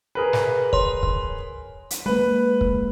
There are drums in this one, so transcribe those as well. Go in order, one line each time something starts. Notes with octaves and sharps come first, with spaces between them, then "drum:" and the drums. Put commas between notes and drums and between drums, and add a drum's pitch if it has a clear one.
G#4 A#4 B4
drum: snare
C#5 C6, drum: kick
drum: kick
drum: hi-hat
G#3 A#3 B4
drum: kick